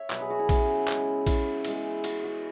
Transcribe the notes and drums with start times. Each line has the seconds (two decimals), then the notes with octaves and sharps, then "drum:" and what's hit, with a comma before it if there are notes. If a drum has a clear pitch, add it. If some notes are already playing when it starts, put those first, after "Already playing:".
Already playing: C#5 E5
0.10 B2 F#3 B3 B4, drum: clap
0.21 G#4
0.30 F#4
0.39 E4
0.49 C#4, drum: kick A#1, cymbal
0.88 C#3 G#3 B3, drum: clap
1.26 E4, drum: kick A#1, cymbal
1.65 E3 G#3 B3, drum: cymbal
2.04 F#4, drum: cymbal
2.23 F#4